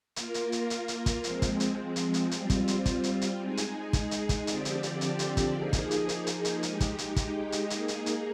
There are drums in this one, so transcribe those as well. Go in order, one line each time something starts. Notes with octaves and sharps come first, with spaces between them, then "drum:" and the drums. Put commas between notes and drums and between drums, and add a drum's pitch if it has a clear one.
A#3 F4 A#4, drum: hi-hat
drum: hi-hat
drum: hi-hat
drum: hi-hat
drum: hi-hat
drum: kick, hi-hat
F3 G#3 C4, drum: hi-hat
drum: kick, hi-hat
drum: hi-hat
drum: hi-hat
drum: hi-hat
G3 C4 F4, drum: hi-hat
drum: kick, hi-hat
drum: hi-hat
drum: kick, hi-hat
drum: hi-hat
drum: hi-hat
G#3 D#4 G#4
drum: hi-hat
drum: kick, hi-hat
drum: hi-hat
drum: kick, hi-hat
D3 F3 C4 G4 D5, drum: hi-hat
drum: hi-hat
drum: hi-hat
drum: hi-hat
drum: hi-hat
drum: kick, hi-hat
F3 A#3 D#4 G#4
drum: kick, hi-hat
drum: hi-hat
drum: hi-hat
drum: hi-hat
drum: hi-hat
G#3 D#4 G4, drum: hi-hat
drum: kick, hi-hat
drum: hi-hat
drum: kick, hi-hat
drum: hi-hat
A#3 D#4 G#4, drum: hi-hat
drum: hi-hat
drum: hi-hat